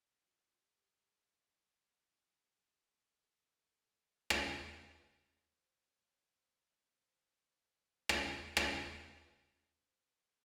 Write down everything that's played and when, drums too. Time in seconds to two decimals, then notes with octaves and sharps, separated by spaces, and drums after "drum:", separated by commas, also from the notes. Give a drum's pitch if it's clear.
0.23 F#4
0.27 F4
0.59 G4
0.68 G#4
0.77 G4
0.91 G#4
3.12 A4
4.30 drum: rim click
4.74 C5
4.88 B4
5.01 A#4
5.35 C#5
5.49 C5
5.96 C#5
6.28 C5
6.60 C#5
6.91 C5
8.09 drum: rim click
8.57 drum: rim click
9.75 C5
10.07 B4
10.24 G#4